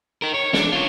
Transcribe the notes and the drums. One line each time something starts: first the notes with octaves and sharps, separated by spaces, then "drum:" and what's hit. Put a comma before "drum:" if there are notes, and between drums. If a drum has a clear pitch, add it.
D#4 A#4
C#5
D4, drum: snare
F4 C#5